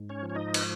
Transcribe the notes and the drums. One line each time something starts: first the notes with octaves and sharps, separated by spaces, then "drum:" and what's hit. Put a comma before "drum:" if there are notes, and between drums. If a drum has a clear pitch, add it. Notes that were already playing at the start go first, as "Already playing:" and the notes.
Already playing: G#2
C#4 C#5
F3
C#5
D#4 D#5
B4, drum: cymbal